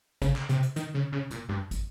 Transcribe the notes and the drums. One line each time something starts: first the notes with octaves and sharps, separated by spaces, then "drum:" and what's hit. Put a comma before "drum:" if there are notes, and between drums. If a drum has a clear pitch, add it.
C#3, drum: kick, hi-hat
drum: clap
C3, drum: hi-hat
drum: hi-hat
D#3, drum: hi-hat
C#3
C#3
A#2, drum: hi-hat
G2
drum: kick, hi-hat